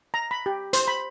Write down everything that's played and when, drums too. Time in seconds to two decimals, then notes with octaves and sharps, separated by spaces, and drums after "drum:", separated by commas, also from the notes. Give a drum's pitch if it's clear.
0.14 A#5
0.31 B5
0.46 G4
0.73 C5, drum: hi-hat
0.88 B5